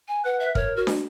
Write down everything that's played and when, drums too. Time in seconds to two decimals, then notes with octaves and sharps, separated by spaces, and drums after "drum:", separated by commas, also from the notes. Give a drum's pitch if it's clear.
0.08 G#5
0.24 B4 F#5
0.40 E5
0.55 A#4 C#5, drum: kick
0.76 F#4
0.87 drum: snare